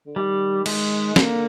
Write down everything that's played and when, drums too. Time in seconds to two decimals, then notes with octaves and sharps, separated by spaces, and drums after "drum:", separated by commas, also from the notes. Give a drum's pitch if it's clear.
0.06 D3
0.16 D#3 G3
0.66 G#3, drum: cymbal
1.16 D3 A#3, drum: snare